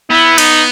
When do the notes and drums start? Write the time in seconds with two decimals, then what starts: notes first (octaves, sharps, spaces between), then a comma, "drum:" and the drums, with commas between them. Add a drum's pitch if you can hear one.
0.10 B3 E4
0.38 D#4, drum: cymbal